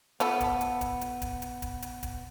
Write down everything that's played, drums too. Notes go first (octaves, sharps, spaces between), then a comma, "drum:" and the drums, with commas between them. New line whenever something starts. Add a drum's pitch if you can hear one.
A3 B3 F4 A4, drum: hi-hat
drum: kick, hi-hat
drum: hi-hat
drum: kick, hi-hat
drum: hi-hat
drum: kick, hi-hat
drum: hi-hat
drum: kick, hi-hat
drum: hi-hat
drum: kick, hi-hat